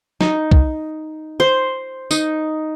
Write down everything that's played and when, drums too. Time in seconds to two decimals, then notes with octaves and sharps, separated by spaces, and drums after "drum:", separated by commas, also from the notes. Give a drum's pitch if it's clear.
0.21 D#4, drum: snare
0.51 drum: kick
1.40 C5
2.11 D#4, drum: tambourine